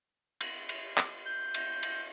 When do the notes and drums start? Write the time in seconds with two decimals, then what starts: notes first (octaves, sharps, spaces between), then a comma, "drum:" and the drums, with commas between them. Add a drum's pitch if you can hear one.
0.41 drum: cymbal
0.69 drum: cymbal
0.97 drum: clap
1.26 G6
1.54 drum: cymbal
1.83 drum: cymbal